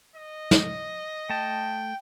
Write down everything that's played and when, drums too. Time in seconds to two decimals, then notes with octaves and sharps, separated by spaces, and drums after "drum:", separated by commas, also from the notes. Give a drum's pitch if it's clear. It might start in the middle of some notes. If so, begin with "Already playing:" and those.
0.15 D#5
0.51 drum: snare
1.29 A3 G5 A5